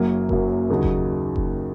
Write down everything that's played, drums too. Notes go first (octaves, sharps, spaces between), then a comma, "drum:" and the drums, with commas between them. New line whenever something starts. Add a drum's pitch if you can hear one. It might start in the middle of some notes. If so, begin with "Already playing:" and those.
Already playing: F#1 F#2 F#3 A#3
F#1 F#2 F#3 A#3, drum: kick F1
D#2 C#3 F#3 D#4
drum: kick F1
drum: kick F1